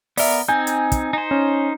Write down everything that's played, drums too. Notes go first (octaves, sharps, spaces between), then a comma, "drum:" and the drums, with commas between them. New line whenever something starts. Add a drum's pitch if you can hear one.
B3 A#4 D5 E5, drum: open hi-hat
C4 D#4 G#5 G6
drum: hi-hat
drum: kick, hi-hat
D#4 C5
C#4